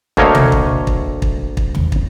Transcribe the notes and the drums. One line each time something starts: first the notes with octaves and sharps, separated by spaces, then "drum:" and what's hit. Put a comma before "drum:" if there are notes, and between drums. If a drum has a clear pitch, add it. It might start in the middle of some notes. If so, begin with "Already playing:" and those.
D2 A3 A#3 C#5 D#5 F5, drum: kick
drum: tom
drum: kick
drum: kick
drum: kick
drum: kick
drum: tom
drum: kick